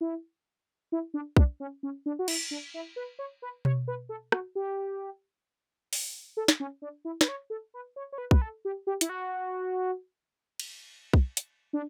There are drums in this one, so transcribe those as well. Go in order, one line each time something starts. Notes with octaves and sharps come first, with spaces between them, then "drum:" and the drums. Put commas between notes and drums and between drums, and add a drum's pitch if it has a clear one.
E4
E4
D4
D4, drum: kick
C#4
C#4
D4
F#4
E4, drum: cymbal
D4
E4
B4
C#5
B4
C#5, drum: tom B2
B4
A4
F#4, drum: rim click
G4
drum: open hi-hat
A4
drum: snare
C#4
D4
E4
B4, drum: snare
C#5
A4
B4
C#5
C#5
B4
B4, drum: kick
A4
G4
G4
E4, drum: hi-hat
F#4
drum: cymbal
drum: kick
drum: hi-hat
D4